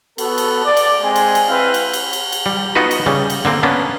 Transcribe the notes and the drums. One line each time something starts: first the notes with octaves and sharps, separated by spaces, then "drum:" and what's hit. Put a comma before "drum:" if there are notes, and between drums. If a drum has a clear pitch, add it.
B3 F#4 A4, drum: cymbal
drum: cymbal
D5
drum: cymbal
G#3 C4 G#5
drum: cymbal
drum: cymbal
C4 E4 B4 C5 F5
drum: cymbal
drum: cymbal
drum: cymbal
drum: cymbal
G3
B3 D#4 F4 F#4 B4
drum: cymbal
C#3 G3
drum: cymbal
D3 A#3 C4
A#3 B3 C#4 D4